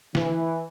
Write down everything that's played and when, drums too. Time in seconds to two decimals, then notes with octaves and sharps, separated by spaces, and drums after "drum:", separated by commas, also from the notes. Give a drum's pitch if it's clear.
0.15 E3, drum: snare